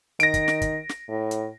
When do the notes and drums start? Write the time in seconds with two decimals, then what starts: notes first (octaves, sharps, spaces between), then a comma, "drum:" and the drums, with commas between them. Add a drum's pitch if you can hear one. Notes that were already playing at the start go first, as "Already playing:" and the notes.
0.20 D#3 A#6 D7, drum: hi-hat
0.34 drum: kick, hi-hat
0.48 drum: snare
0.62 drum: kick, hi-hat
0.89 drum: snare
1.08 A2
1.31 drum: hi-hat